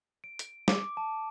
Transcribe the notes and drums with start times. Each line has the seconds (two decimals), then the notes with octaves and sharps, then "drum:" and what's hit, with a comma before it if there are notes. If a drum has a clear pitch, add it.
0.24 D7
0.39 drum: hi-hat
0.68 D6, drum: snare
0.97 A5